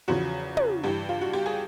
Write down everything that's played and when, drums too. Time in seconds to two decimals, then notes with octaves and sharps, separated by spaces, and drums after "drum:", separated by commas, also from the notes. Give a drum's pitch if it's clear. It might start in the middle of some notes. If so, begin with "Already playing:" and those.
0.08 E2 C#3 F3 F#4
0.57 drum: tom
0.83 G2 E3 G4
1.09 F4
1.21 F#4
1.33 G4
1.46 G#4